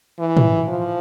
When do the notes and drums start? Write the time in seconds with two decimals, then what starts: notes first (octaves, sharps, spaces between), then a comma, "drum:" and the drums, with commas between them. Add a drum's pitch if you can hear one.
0.19 E3
0.37 drum: tom
0.68 F3